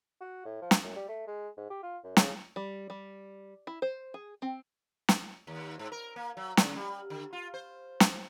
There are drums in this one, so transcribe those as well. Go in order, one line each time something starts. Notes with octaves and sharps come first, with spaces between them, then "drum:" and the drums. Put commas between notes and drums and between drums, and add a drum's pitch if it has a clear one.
F#4
A2
F3
drum: snare
F#2
G3
A3
G#3
G#2
G4
F4
F#2
C#3, drum: snare
G3
G3
E4
C5
G#4
C4
drum: snare
D#2
G#2
A#4
A#3
F#3
C#3, drum: snare
G3
D3
F4
C5
drum: snare